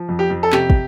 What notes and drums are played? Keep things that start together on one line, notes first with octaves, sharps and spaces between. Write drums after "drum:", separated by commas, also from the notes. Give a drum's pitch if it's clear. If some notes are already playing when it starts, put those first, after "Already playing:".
Already playing: F3
F2
G4
F2
A4
C3 G4, drum: clap
drum: kick